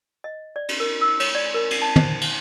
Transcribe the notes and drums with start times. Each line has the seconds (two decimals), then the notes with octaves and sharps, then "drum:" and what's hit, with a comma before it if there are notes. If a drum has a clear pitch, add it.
0.24 D#5
0.56 D5
0.69 drum: cymbal
0.80 A#4
1.01 E6
1.20 C#5, drum: cymbal
1.35 D5
1.54 A#4
1.70 drum: cymbal
1.82 A5
1.96 C5, drum: tom
2.21 drum: cymbal